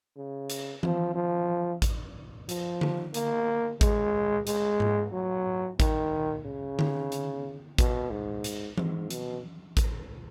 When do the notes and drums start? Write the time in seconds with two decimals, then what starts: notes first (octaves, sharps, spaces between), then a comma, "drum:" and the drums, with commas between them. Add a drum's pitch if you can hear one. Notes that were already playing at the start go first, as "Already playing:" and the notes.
0.17 C#3
0.50 drum: hi-hat
0.83 F3, drum: tom E3
1.15 F3
1.82 drum: kick A1, hi-hat
2.49 F3, drum: hi-hat
2.81 drum: tom D3
3.14 A#3, drum: hi-hat
3.81 G#3, drum: kick A1, hi-hat
4.47 G#3, drum: hi-hat
4.80 drum: tom G#2
5.13 F#3
5.80 D#3, drum: kick A1, hi-hat
6.45 C#3
6.79 drum: tom D3
7.12 drum: hi-hat
7.78 B2, drum: kick A1, hi-hat
8.11 G#2
8.44 drum: hi-hat
8.78 G#2, drum: tom E3
9.10 B2, drum: hi-hat
9.77 drum: kick A1, hi-hat